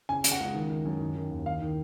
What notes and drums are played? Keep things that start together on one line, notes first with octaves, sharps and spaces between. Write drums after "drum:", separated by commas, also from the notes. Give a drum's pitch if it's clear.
C#3 G#5
C#3, drum: hi-hat
F#5
C#2
D#3
D#3
F#2
D#3
D#3
D#2
D#3 F5
D#3